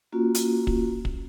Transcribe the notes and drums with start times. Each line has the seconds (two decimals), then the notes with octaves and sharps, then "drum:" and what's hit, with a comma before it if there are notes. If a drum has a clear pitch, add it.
0.12 A#3 C#4 F4 F#4
0.35 drum: hi-hat
0.67 drum: kick
1.05 drum: kick